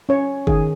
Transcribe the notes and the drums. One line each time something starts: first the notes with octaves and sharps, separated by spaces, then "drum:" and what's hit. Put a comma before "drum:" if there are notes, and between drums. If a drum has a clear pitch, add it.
C#4 C#5
D#3 G#4, drum: kick